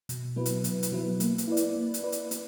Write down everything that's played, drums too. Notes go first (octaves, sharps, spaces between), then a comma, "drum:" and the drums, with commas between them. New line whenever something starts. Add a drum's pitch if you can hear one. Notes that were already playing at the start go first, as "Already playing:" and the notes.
B2, drum: hi-hat
F#3 B3 E4 B4
drum: hi-hat
B2, drum: hi-hat
drum: hi-hat
F#3 B3 E4 B4
A#3, drum: hi-hat
drum: hi-hat
E4 B4 D5
drum: hi-hat
A#3
drum: hi-hat
E4 B4 D5
drum: hi-hat
B3, drum: hi-hat